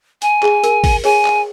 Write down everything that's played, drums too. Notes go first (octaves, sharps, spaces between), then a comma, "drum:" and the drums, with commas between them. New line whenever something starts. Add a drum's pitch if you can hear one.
G#5, drum: hi-hat
G#4, drum: clap
A#4, drum: hi-hat
drum: kick G#1, open hi-hat
G#4 C#5 G#5, drum: open hi-hat
drum: clap